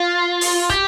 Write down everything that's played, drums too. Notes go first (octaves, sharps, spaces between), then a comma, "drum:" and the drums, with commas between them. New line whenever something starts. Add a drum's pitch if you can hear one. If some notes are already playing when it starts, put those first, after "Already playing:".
Already playing: F4
drum: open hi-hat
G4, drum: kick